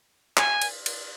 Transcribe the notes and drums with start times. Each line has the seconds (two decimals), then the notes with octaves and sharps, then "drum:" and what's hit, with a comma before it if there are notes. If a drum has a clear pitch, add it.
0.37 G#5, drum: clap
0.61 drum: cymbal
0.86 drum: cymbal